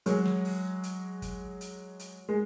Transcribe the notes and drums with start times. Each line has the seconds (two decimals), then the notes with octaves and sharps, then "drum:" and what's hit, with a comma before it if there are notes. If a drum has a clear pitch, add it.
0.06 F#3 G#3, drum: hi-hat
0.25 drum: snare
0.45 drum: open hi-hat
0.83 drum: hi-hat
1.22 drum: kick, hi-hat
1.61 drum: hi-hat
1.99 drum: hi-hat
2.29 G#3